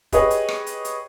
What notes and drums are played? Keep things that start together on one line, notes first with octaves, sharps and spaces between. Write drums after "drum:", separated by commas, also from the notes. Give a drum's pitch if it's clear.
G4 G#4 B4 C#5 D#5, drum: kick, hi-hat
drum: hi-hat
drum: rim click
drum: hi-hat
drum: hi-hat